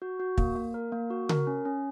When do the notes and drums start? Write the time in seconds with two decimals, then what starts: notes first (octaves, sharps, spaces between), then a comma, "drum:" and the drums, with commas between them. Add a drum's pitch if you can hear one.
0.02 F#4
0.20 F#4
0.38 A#3, drum: kick
0.56 A#3
0.74 A#4
0.92 A#3
1.10 F#4
1.29 A#4, drum: tom C#3
1.47 C#4
1.65 C#4